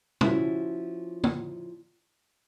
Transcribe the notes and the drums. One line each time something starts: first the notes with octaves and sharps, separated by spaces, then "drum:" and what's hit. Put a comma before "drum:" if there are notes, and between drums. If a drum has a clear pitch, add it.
F3 C#4 E4 F#4, drum: tom
drum: tom